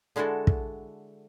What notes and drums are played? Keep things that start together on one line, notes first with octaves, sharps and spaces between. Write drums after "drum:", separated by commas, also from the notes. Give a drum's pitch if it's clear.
D3 G#3 E4 F#4 A4
drum: kick